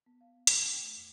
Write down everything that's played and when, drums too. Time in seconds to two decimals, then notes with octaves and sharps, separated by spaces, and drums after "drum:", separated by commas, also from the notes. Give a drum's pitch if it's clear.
0.06 B3
0.21 F5
0.47 B4, drum: hi-hat
0.64 G5
0.81 A3
0.96 F2